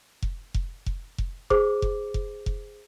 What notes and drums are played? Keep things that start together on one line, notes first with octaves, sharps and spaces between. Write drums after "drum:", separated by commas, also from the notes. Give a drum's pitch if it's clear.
drum: kick F1
drum: kick F1
drum: kick F1
drum: kick F1
G#4 C5 D6, drum: kick F1
drum: kick F1
drum: kick F1
drum: kick F1